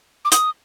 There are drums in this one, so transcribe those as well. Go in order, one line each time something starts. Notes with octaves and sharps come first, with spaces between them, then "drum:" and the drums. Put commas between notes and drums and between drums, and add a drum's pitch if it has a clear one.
D6
D#6, drum: hi-hat